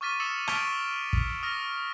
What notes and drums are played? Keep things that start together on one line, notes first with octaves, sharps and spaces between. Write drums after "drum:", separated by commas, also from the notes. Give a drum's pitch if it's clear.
C#6 D6 F6 A6 B6 D#7
D#6 E6 A6 B6 C#7 E7
C#6 F6 B6 D7 F7 G7, drum: rim click
C#6
drum: kick
D#6 F6 A#6